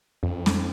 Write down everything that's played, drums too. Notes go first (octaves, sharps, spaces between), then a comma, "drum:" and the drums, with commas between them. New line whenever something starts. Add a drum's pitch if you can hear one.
F2
drum: snare